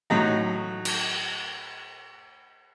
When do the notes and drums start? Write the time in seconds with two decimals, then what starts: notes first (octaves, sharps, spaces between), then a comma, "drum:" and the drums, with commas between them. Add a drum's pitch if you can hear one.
0.10 A2 F#3 D#4
0.85 drum: cymbal